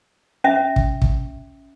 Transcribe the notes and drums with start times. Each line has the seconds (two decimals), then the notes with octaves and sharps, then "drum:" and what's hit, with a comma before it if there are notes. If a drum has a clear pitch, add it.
0.44 C#4 E5
0.76 drum: kick
1.02 drum: kick